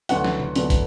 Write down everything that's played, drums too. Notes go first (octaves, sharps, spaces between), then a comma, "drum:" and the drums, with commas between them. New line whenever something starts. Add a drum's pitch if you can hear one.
D2 D3 F#3 B3 F#4 F#5, drum: hi-hat
drum: snare
drum: tom C3
D2 D3 F#3 B3, drum: hi-hat
drum: kick, hi-hat